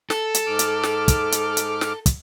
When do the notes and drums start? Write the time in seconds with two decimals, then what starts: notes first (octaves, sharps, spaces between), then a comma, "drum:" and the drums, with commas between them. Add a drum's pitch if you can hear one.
0.10 A4, drum: snare
0.35 drum: hi-hat
0.47 G#2 D6 F6
0.59 drum: hi-hat
0.83 drum: snare
1.08 drum: kick, hi-hat
1.32 drum: hi-hat
1.57 drum: hi-hat
1.81 drum: snare
2.06 drum: kick, hi-hat